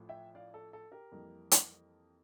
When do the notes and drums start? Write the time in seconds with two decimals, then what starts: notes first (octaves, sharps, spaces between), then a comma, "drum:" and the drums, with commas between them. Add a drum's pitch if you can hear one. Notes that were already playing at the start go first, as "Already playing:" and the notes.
Already playing: A1 A2 F3 A3
0.09 E5 G5
0.35 D5 F5
0.54 A4
0.73 A4
0.92 G4 A#4
1.12 F2 E3 G3 A#3
1.51 drum: hi-hat